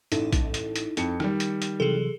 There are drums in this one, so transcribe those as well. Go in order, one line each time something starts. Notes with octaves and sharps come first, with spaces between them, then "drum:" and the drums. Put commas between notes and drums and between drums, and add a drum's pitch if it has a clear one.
A1 D#4 E4 A4, drum: hi-hat
drum: kick A#1, hi-hat
drum: hi-hat
drum: hi-hat
F2 C#7, drum: hi-hat
D#3 G3, drum: rim click
drum: hi-hat
drum: hi-hat
C3 E3 F#3 G#4 A4